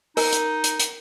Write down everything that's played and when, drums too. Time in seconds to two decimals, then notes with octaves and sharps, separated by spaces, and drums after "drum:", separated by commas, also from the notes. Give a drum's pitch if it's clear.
0.17 D#4 A#4, drum: open hi-hat
0.33 drum: hi-hat
0.64 drum: hi-hat
0.80 drum: hi-hat